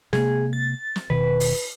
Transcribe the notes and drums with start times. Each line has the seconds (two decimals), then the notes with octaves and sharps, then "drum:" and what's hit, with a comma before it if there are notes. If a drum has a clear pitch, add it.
0.13 C3 G#3 A#3 G#4, drum: snare
0.53 A6
0.96 drum: snare
1.10 E1 B2 D#3 B4
1.40 drum: open hi-hat